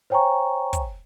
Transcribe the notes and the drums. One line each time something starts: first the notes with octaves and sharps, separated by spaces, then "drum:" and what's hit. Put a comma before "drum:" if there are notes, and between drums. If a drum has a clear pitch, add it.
C5 C#5 G5 G#5 A#5 C#6
drum: kick, hi-hat